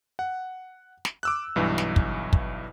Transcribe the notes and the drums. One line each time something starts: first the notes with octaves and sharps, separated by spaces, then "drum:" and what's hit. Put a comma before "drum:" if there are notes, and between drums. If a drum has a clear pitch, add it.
F#5
drum: snare
D6 E6 F#6
B1 G2 E3
drum: snare
drum: kick
drum: kick